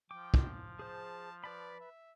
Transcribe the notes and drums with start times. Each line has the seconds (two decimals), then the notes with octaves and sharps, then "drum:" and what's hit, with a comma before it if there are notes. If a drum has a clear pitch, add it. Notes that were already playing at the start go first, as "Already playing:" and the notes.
0.11 F3 G5 D6
0.34 drum: kick
0.79 G#4 C5 A5
1.44 B4 D5 A5 B5
1.81 E5